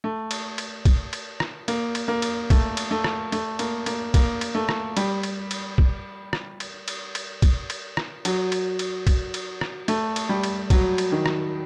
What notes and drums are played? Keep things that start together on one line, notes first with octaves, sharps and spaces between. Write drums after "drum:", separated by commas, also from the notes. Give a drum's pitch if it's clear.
A3
drum: cymbal
drum: cymbal
drum: kick, cymbal
drum: cymbal
drum: rim click
A#3, drum: cymbal
drum: cymbal
A#3
drum: cymbal
A3, drum: kick, cymbal
drum: cymbal
A3
drum: rim click
A3, drum: cymbal
A#3, drum: cymbal
A#3, drum: cymbal
A#3, drum: kick, cymbal
drum: cymbal
A3
drum: rim click
G3, drum: cymbal
drum: cymbal
drum: cymbal
drum: kick
drum: rim click
drum: cymbal
drum: cymbal
drum: cymbal
drum: kick, cymbal
drum: cymbal
drum: rim click
F#3, drum: cymbal
drum: cymbal
drum: cymbal
drum: kick, cymbal
drum: cymbal
drum: rim click
A3, drum: cymbal
drum: cymbal
G3
drum: cymbal
F#3, drum: kick, cymbal
drum: cymbal
D#3
drum: rim click